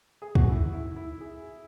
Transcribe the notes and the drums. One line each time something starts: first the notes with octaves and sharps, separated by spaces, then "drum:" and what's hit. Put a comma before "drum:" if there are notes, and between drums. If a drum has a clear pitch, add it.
G#4
F#4, drum: kick
E4
E4
E4
G#4